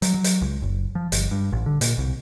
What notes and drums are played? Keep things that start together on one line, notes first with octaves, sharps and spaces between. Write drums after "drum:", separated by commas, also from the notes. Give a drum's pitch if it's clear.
F#3, drum: hi-hat
F#3
drum: hi-hat
C#2
F#1
F3
G1, drum: hi-hat
G2
A1
D3
A#2, drum: hi-hat
C2